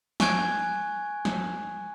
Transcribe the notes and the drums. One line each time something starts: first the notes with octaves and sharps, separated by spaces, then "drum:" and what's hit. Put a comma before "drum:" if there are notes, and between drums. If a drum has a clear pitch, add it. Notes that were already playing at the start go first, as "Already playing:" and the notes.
G#5 C#6 F#6 G#6 D7, drum: snare
drum: snare